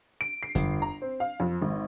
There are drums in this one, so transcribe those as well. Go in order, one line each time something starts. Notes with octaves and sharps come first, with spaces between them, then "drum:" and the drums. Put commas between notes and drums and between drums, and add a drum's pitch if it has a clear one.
D7
C7
G1, drum: kick F2, hi-hat
A#5
C4
F5
F2
G#1